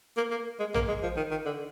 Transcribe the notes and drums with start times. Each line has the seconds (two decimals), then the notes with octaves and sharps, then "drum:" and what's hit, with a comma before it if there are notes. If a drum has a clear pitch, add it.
0.17 A#3
0.31 A#3
0.60 G#3
0.74 A#3, drum: tom
0.88 G#3
1.03 F3
1.17 D#3
1.31 D#3
1.46 D3